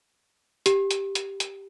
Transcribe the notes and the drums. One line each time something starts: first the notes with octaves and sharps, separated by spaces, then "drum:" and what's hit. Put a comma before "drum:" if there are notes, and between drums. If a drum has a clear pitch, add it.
G4, drum: hi-hat
drum: hi-hat
drum: hi-hat
drum: hi-hat